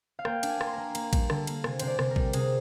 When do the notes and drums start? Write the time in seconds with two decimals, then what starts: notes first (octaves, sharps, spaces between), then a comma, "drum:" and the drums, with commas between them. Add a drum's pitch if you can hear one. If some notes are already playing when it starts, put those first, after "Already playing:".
0.19 F5
0.25 A#3 G5, drum: rim click
0.43 D4, drum: cymbal
0.49 G#5
0.61 A#3, drum: rim click
0.67 C6
0.72 A#3 A#5
0.95 A#3, drum: cymbal
1.13 G3, drum: kick A#1, cymbal
1.30 D3, drum: rim click
1.47 A#3, drum: cymbal
1.64 C3 G#5, drum: rim click
1.79 C3 C5, drum: cymbal
1.87 D5
1.99 C3, drum: rim click
2.11 A#4
2.16 G3, drum: kick A#1
2.33 C3 G#4, drum: cymbal